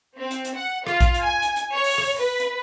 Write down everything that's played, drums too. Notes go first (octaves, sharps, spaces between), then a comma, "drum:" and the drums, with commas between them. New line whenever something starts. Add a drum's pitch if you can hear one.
C4
drum: hi-hat
drum: hi-hat
F#5
F4, drum: rim click
drum: kick A#1, hi-hat
drum: hi-hat
G#5
drum: hi-hat
drum: hi-hat
C#5
drum: open hi-hat
drum: rim click
B4
drum: hi-hat